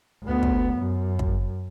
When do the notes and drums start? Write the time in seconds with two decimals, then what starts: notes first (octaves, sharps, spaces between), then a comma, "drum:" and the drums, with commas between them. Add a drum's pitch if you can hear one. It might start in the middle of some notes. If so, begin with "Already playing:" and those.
0.24 D2 B3
0.43 drum: kick
0.77 F#2
1.19 drum: kick